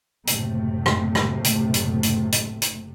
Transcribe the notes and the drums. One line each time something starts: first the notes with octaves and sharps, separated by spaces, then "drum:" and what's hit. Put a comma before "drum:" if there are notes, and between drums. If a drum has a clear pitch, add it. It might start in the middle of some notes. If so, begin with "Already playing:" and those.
F#1 A2 C3 A3, drum: hi-hat
drum: rim click
drum: rim click
drum: hi-hat
drum: hi-hat
drum: hi-hat
drum: hi-hat
drum: hi-hat